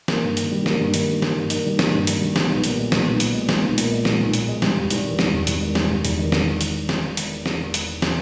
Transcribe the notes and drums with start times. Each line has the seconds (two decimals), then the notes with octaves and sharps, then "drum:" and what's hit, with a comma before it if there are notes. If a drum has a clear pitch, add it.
0.08 A#3, drum: snare
0.23 G2
0.37 D#3, drum: hi-hat
0.51 G3
0.66 A#3, drum: snare
0.80 G2
0.94 D#3, drum: hi-hat
1.08 G3
1.22 A#3, drum: snare
1.36 G2
1.50 D#3, drum: hi-hat
1.65 G3
1.79 A#3, drum: snare
1.94 G2
2.07 D#3, drum: hi-hat
2.21 G3
2.36 B3, drum: snare
2.50 B1
2.64 A#2, drum: hi-hat
2.78 G#3
2.92 B3, drum: snare
3.06 B1
3.20 A#2, drum: hi-hat
3.34 G#3
3.49 B3, drum: snare
3.63 B1
3.78 A#2, drum: hi-hat
3.92 G#3
4.05 B3, drum: snare
4.19 B1
4.34 A#2, drum: hi-hat
4.48 G#3
4.62 G3, drum: snare
4.77 E1
4.90 E2, drum: hi-hat
5.05 D#3
5.19 G3, drum: snare
5.33 E1
5.47 E2, drum: hi-hat
5.61 D#3
5.75 G3, drum: snare
5.89 E1
6.05 E2, drum: hi-hat
6.18 D#3
6.32 drum: snare
6.61 drum: hi-hat
6.89 drum: snare
7.17 drum: hi-hat
7.46 drum: snare
7.74 drum: hi-hat
8.02 drum: snare